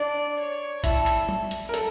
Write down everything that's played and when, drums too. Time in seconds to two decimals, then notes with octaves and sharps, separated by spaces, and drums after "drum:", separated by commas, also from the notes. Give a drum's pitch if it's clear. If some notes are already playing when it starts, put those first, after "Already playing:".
Already playing: D4 D5
0.39 C#5
0.84 E4 A4, drum: kick G#1, hi-hat
1.06 drum: hi-hat
1.29 drum: tom
1.51 drum: hi-hat
1.69 A#4
1.74 A4, drum: hi-hat